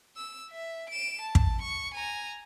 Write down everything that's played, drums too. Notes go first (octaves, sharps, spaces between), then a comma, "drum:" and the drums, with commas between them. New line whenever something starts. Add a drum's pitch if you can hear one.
E6
E5
D7 E7
A5
drum: kick
C#6
G#5 A#5